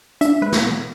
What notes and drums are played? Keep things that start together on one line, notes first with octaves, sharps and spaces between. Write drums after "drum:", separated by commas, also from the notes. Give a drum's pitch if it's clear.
D4 E5, drum: hi-hat
G#3 B4
drum: snare
B2